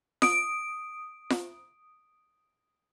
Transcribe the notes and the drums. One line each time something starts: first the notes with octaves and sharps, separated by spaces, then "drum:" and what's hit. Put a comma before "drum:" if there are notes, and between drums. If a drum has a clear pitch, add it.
D#6 D7, drum: snare F4
drum: snare F4